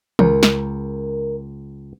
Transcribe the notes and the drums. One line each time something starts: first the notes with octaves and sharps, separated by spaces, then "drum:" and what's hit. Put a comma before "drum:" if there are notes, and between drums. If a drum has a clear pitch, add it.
C#2 A#4, drum: tom
drum: snare